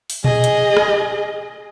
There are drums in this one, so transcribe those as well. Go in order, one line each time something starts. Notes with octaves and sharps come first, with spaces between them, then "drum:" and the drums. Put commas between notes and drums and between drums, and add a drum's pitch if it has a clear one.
drum: open hi-hat
G#4 D#5, drum: tom A#2
drum: hi-hat
drum: rim click